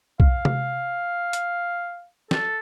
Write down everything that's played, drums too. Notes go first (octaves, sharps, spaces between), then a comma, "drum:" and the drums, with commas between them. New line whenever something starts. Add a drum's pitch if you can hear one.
F5, drum: kick B1
drum: tom C3
drum: hi-hat
A4, drum: snare